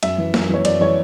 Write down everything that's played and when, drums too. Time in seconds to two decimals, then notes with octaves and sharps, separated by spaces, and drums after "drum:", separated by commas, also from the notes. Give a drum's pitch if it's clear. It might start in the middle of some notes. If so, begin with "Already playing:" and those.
0.03 F#2 E5, drum: cymbal
0.18 E3
0.34 F#2, drum: snare
0.49 E3 C#5
0.65 F#2 D5, drum: cymbal
0.81 E3 C#5